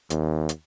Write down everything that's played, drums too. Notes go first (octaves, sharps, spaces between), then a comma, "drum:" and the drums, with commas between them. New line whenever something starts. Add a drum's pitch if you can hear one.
D#2, drum: hi-hat
drum: hi-hat